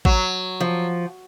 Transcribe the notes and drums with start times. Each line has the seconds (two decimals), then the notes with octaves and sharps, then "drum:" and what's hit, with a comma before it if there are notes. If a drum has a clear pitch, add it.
0.05 F#3, drum: kick
0.60 F3